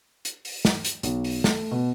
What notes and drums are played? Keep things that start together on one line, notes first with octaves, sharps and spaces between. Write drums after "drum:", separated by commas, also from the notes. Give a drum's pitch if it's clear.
drum: hi-hat
drum: open hi-hat
drum: snare
drum: hi-hat
B1, drum: hi-hat
drum: open hi-hat
A3, drum: snare
B2